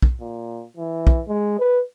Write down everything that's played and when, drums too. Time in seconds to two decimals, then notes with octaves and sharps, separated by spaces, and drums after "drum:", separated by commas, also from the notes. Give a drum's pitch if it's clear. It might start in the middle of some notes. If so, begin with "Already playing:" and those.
0.02 drum: kick
0.20 A#2
0.77 E3
1.07 drum: kick
1.28 G#3
1.59 B4